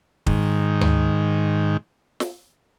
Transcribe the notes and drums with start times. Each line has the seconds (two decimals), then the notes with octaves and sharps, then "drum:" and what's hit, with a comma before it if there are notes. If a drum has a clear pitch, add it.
0.27 G#2 D#3, drum: kick
0.81 drum: tom D2
2.20 drum: snare